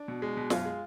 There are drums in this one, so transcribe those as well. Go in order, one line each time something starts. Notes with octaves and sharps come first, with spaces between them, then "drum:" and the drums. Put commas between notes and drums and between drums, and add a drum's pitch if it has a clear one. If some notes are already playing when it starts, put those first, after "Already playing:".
Already playing: D4
B2
G#3
B2
F#2 F4, drum: snare
G#3